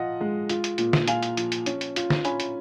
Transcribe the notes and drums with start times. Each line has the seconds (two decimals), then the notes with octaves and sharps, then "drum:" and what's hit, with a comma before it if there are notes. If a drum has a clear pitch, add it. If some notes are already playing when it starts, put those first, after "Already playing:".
Already playing: F3 F4 D#5 F#5
0.21 G#3
0.49 F4, drum: hi-hat
0.64 drum: hi-hat
0.78 A#2, drum: hi-hat
0.93 drum: snare
1.08 F4 F5 G#5, drum: hi-hat
1.23 drum: hi-hat
1.37 F3, drum: hi-hat
1.52 drum: hi-hat
1.66 C#4, drum: hi-hat
1.81 drum: hi-hat
1.96 F4, drum: hi-hat
2.10 drum: snare
2.25 C#4 G#5 B5, drum: hi-hat
2.40 drum: hi-hat